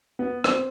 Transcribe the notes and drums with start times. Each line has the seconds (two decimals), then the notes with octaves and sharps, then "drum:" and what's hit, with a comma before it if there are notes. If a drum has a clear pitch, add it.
0.19 B3
0.44 C4, drum: rim click